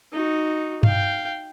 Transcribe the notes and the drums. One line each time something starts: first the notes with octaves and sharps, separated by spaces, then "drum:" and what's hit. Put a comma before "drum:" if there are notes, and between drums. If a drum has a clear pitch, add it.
D#4 F#4
F5 G5, drum: tom G2